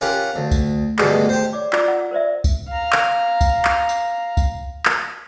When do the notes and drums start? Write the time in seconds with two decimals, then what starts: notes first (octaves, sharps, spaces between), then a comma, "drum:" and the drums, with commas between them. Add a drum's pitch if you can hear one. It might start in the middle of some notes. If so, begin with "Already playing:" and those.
0.01 C#4 F4 G4 A#4 F#5
0.36 D2
0.51 drum: kick C2, tambourine
0.99 D2 G2 B2 G#3, drum: clap
1.29 G4 C5
1.53 C#5 D5 D6
1.73 F4 A4 D5 A#5 D6 E6, drum: clap
1.88 F#5
2.11 A#4 C5 D5 E5
2.44 drum: kick C2, tambourine
2.68 F5 A#5
2.92 drum: clap
3.41 drum: kick C2, tambourine
3.65 drum: clap
3.89 drum: tambourine
4.37 drum: kick C2, tambourine
4.85 drum: clap